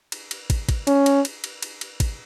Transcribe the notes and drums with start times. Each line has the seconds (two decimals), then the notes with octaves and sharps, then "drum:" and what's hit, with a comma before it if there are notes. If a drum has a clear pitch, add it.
0.12 drum: cymbal
0.31 drum: cymbal
0.50 drum: kick, cymbal
0.69 drum: kick, cymbal
0.87 C#4, drum: cymbal
1.06 drum: cymbal
1.25 drum: cymbal
1.44 drum: cymbal
1.63 drum: cymbal
1.81 drum: cymbal
2.00 drum: kick, cymbal